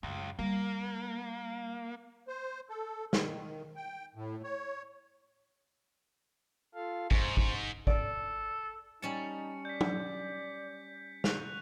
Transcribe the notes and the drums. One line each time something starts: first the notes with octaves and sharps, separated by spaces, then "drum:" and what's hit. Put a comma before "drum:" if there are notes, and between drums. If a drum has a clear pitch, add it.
C#2 F#2
G3 A#3
C5
A4
D#3, drum: snare
G5
A2
C#5
F4 A4 F5
G#2 C5 C#6, drum: kick
drum: kick
A4 D5, drum: kick
G3 C#4 D#4 A5 C#7
D5 G6 B6
drum: tom F#3
C#6 F#6 F7, drum: snare